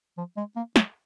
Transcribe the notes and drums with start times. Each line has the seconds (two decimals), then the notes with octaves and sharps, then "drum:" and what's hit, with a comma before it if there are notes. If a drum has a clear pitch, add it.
0.17 F3
0.37 G#3
0.56 A#3
0.76 F#3, drum: snare